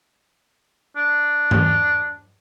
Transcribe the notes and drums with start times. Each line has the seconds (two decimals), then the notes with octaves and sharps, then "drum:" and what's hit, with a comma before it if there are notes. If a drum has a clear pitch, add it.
0.97 D4
1.51 drum: tom G2